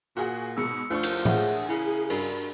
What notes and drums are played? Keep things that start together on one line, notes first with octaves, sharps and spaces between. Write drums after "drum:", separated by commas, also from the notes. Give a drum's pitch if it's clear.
A#2 F#4 G#4 F#5
G#2 B2 G#3 E6 C#7
D2 F3 D4 C#6
drum: cymbal
G#4 C#5 E5 F#5, drum: tom A2
C#3 E4
G2 D4 F#4 A#4, drum: open hi-hat